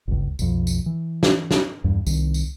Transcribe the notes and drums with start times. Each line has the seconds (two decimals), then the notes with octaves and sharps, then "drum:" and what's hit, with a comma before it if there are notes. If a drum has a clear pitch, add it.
0.08 G1 C#2
0.39 B1 F2, drum: tambourine
0.67 drum: tambourine
0.86 E3
1.23 drum: snare
1.51 drum: snare
1.84 E2 G2
2.07 C2 D#3, drum: tambourine
2.34 drum: tambourine